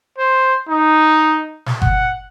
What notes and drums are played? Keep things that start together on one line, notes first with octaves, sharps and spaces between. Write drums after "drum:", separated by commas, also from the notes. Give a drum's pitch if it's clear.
C5
D#4
drum: snare
F#5, drum: kick G1